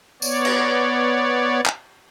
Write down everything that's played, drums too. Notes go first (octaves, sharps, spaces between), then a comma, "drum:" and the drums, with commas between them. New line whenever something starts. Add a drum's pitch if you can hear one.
B3 C#5 D5, drum: tambourine
drum: cymbal
drum: clap